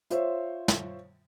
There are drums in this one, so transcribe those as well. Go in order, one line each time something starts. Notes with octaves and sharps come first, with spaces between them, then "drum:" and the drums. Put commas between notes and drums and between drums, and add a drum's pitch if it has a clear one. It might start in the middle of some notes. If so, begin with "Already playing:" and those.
F4 C5 C#5 E5, drum: hi-hat
drum: snare